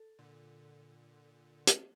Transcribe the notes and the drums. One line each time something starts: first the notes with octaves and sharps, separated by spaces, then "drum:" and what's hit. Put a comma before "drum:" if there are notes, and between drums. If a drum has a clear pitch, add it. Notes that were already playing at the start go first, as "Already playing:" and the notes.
Already playing: A4
A#2 D3
drum: hi-hat